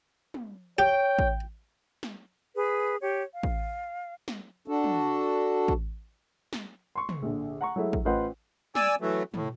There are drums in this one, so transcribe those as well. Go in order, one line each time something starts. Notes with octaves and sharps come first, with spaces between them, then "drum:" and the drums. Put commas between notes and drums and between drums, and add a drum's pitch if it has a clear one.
drum: tom
G4 C#5 G5
drum: kick A1
drum: snare
G#4 B4
G4 C#5
F5
drum: kick A1
drum: snare
D4 F#4 A4
drum: tom
drum: kick A1
drum: snare
C6 C#6
drum: tom
A#1 D3
F#5 A#5 C#6
F#3 G#3 A3 E4
drum: kick A1
A1 F4 B4 C5 D#5 F#5
D5 G#5 E6, drum: snare
E3 F#3 A3
A2, drum: tom